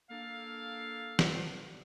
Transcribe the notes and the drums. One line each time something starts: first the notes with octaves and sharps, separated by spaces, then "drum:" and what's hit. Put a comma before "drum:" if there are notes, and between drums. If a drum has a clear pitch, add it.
A#3 D4 A4 F5
drum: snare